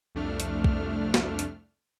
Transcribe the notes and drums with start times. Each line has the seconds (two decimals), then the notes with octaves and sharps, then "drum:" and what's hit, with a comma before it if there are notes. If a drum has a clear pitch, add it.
0.15 C2 F2 A3 D4 F6
0.40 drum: hi-hat
0.64 drum: kick
1.14 drum: snare
1.39 drum: hi-hat